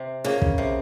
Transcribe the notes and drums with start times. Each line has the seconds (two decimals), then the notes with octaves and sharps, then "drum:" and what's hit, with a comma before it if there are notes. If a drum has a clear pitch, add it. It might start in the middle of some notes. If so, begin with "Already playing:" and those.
Already playing: C3
0.24 C#3 A#3
0.42 drum: kick
0.58 C3